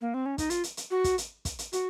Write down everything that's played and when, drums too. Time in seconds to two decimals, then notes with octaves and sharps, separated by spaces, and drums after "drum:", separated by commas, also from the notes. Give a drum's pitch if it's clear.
0.01 A#3
0.14 C4
0.26 C#4
0.38 D#4, drum: kick, hi-hat
0.50 F4, drum: hi-hat
0.64 drum: hi-hat
0.77 drum: hi-hat
0.91 F#4
1.04 drum: kick, hi-hat
1.18 drum: hi-hat
1.45 drum: kick, hi-hat
1.59 drum: hi-hat
1.73 F#4, drum: hi-hat